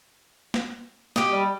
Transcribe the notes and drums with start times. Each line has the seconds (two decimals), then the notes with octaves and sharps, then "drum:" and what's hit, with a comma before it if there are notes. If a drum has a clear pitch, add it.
0.54 drum: snare
1.16 G4 D#5, drum: snare
1.32 G3